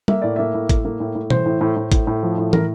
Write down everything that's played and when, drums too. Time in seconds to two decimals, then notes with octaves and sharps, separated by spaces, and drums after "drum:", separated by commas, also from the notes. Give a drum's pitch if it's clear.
0.08 A#3 E5, drum: tom G3
0.22 A2 D5
0.36 A#3 E5
0.54 A2
0.69 A2, drum: kick, hi-hat
0.85 A#3
1.00 A2
1.15 A2
1.30 E3 C5, drum: tom B2
1.46 A2
1.61 A2
1.77 A2
1.92 A2, drum: kick, hi-hat
2.07 A2
2.23 F3
2.38 A2
2.53 A2 A#4, drum: tom